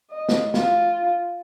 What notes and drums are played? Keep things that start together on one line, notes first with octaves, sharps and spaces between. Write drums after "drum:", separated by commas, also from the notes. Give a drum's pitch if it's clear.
D#5
drum: snare
F4, drum: snare